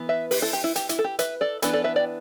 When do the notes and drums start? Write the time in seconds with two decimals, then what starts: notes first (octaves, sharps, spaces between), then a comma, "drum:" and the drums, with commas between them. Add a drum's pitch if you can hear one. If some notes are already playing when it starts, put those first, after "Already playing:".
Already playing: E3 B3
0.09 B4 E5
0.31 G4 B4, drum: open hi-hat
0.42 E4 A4
0.53 G4
0.64 E4
0.76 G4, drum: hi-hat
0.89 E4, drum: hi-hat
0.99 A4
1.04 G4
1.19 B4 E5, drum: hi-hat
1.41 A4 D5
1.62 E3 B3 D4 E4 A4, drum: hi-hat
1.73 A4 D5
1.84 B4 E5
1.96 D5 G5